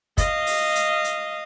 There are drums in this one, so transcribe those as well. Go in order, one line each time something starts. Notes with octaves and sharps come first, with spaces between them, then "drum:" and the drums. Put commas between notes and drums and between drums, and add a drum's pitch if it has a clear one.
D#5 F5, drum: kick, hi-hat
drum: open hi-hat
drum: hi-hat
drum: hi-hat